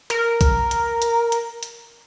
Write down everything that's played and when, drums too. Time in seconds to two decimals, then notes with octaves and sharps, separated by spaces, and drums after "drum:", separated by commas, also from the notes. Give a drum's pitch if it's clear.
0.10 A#4, drum: hi-hat
0.41 drum: kick, hi-hat
0.71 drum: hi-hat
1.02 drum: hi-hat
1.32 drum: hi-hat
1.63 drum: hi-hat